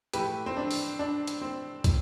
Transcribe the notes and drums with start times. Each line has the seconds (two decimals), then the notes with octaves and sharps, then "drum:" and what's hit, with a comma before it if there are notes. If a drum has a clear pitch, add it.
0.13 A2 E3 A3 G4 B4, drum: hi-hat
0.46 C4
0.57 D4
0.71 drum: open hi-hat
0.99 D4
1.27 drum: hi-hat
1.41 C4
1.84 drum: kick, hi-hat